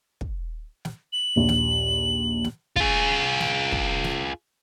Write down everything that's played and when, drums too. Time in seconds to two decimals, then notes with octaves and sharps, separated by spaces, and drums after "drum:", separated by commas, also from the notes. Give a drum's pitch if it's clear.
0.21 drum: kick
0.85 drum: snare
1.13 F#7
1.36 A#1 D#2
1.49 drum: snare
2.44 drum: snare
2.76 F4 G#4, drum: kick
3.40 drum: snare
3.72 drum: kick
4.04 drum: snare